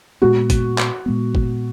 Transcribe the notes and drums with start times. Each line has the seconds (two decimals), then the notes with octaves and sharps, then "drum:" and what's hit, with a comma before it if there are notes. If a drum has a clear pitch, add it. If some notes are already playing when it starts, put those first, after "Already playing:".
0.22 A#2 G#3 B3 F#4
0.50 drum: kick G1, hi-hat
0.78 drum: clap
1.06 A#2 G#3 B3
1.35 drum: kick G1